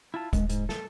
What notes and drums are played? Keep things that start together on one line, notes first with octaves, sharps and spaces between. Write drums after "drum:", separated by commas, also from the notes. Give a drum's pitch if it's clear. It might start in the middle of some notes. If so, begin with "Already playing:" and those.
E4 F4 A5
D#1 G#3, drum: kick, hi-hat
G#2, drum: hi-hat
A4, drum: snare